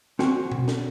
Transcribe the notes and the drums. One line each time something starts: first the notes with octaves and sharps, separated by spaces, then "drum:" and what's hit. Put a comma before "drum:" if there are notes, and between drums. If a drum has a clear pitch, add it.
C4 F#4 G#5, drum: snare
drum: tom B2
drum: snare